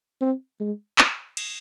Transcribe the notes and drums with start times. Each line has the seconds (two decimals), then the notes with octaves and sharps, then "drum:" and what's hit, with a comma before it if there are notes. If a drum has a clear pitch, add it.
0.21 C4
0.60 G#3
0.98 drum: clap
1.37 drum: cymbal